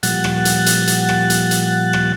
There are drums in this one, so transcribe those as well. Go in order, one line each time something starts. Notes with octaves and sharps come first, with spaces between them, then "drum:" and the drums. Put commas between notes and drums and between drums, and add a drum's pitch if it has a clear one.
A#2 F3 G3 F#5 F#6 A6, drum: hi-hat
drum: rim click
drum: hi-hat
drum: hi-hat
drum: hi-hat
drum: rim click
drum: hi-hat
drum: hi-hat
drum: rim click